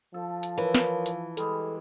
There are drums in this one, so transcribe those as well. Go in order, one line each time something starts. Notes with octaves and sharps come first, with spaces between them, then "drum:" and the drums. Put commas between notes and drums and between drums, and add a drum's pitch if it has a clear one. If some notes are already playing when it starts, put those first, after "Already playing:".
F3 A4
drum: hi-hat
E3 A#4 B4 C#5
drum: snare
drum: hi-hat
G3 G#3 A4, drum: hi-hat